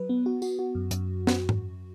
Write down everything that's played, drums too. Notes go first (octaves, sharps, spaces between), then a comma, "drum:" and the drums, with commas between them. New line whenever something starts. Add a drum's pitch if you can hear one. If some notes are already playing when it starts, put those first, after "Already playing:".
Already playing: F#3 B4
B3
F#4
F#4, drum: tambourine
F#4
F#2
F#2, drum: hi-hat
drum: snare
drum: tom G#2